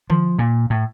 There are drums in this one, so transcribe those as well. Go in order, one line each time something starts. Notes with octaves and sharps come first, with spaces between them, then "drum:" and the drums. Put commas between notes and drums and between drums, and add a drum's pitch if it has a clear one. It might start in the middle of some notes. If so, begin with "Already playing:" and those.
F3, drum: tom D3
A#2
A2